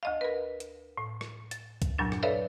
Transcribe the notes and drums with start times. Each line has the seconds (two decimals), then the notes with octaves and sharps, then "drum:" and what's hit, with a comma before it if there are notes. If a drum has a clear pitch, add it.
0.03 D2 D#5 F5
0.21 A#4 B4
0.60 drum: hi-hat
0.97 A2
1.21 drum: rim click
1.51 A6, drum: hi-hat
1.82 drum: kick C2, hi-hat
1.99 E2 G2 A#2 F#3 D4
2.12 drum: rim click
2.23 A4 B4 C#5 D5 E5 F5